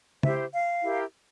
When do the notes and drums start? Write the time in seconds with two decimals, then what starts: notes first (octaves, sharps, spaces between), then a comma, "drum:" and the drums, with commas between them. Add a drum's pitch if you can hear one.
0.23 E4 G4 C5 E5, drum: tom
0.54 F5
0.83 E4 G4 A#4